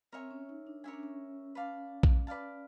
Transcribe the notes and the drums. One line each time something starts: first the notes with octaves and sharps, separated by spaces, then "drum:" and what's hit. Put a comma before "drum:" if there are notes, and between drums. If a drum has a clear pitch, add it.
C4 A#4 C#5 E5 G#5
C#4
D#4
D4
C#4 A#4 C#5 E5 G#5
D4
C#4
B4 D5 F5 A5
drum: kick A#1
B4 D5 F5 A5